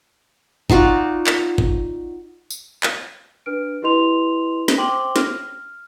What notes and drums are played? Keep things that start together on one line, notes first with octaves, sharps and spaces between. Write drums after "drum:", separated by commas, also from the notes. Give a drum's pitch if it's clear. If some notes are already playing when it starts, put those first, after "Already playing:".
D#4 F4 F#4 D5, drum: kick
drum: clap
drum: kick
drum: tambourine
drum: clap
D4 B4 F6 D7
E4 G4 B4 D#5 C6 F7
drum: snare
C5 G5 C6 D6 F#7 G7
F6, drum: snare